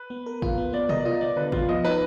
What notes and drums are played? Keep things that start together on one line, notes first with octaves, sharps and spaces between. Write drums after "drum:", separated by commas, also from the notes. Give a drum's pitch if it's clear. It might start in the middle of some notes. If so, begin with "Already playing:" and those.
Already playing: B4
B3
A#4
F4, drum: kick G#1
B3
B3 D5
A#4 D#5, drum: tom B2
D5
F4 D#5
B3 D5
D3 B4
B3 F4, drum: kick G#1
F3 D#5
D#4 B4